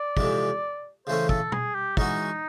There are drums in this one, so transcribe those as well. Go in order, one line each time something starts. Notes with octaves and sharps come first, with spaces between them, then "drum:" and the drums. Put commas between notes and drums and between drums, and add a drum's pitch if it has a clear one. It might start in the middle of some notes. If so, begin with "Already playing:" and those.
Already playing: D5
F2 C3 E3 G#3, drum: kick
C#3 E3 A3 C#4 C5
A4, drum: kick
G#4, drum: tom
G4
E3 G#3 C#4 D#4 F#4, drum: kick